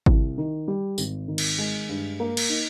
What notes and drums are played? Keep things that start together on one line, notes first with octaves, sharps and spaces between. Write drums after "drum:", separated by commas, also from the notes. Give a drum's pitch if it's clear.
C2, drum: kick G#1
D#3
G3
G#1, drum: tambourine
D#3
drum: cymbal
G#3
G2
A#3
drum: cymbal
D#4